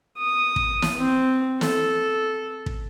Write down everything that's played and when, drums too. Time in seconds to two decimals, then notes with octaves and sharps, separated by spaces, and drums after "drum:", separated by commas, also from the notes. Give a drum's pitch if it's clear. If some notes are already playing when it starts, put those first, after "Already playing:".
0.19 D#6
0.56 drum: kick
0.82 drum: snare
0.98 C4
1.61 A4, drum: snare
2.66 drum: kick